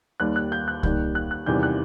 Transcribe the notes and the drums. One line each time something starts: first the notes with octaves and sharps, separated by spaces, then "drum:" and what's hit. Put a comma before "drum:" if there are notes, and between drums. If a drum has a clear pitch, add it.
D#2 D#3 G3 F#6
F#6
G6
F#6
D#2 D#3 G3 G6, drum: kick C2
F#6
F#6
E2 C3 D#3 G3 G6
F#6